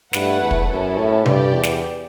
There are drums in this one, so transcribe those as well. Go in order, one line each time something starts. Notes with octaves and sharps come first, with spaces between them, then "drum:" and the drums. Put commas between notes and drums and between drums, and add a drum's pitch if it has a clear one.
G2 A3 E4 B4 F#5, drum: snare
E2
drum: kick
F#2 C#4 E4 A4
A2
G2 G4 D5 G5, drum: tom C3
E2
drum: snare